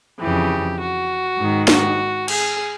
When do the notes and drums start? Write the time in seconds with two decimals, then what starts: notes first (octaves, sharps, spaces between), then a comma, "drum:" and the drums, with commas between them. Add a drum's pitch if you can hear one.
0.20 F2 C#3 E3 G4
0.79 F#4
1.39 G#2 D#3
1.68 F#4, drum: snare
2.28 G#4, drum: cymbal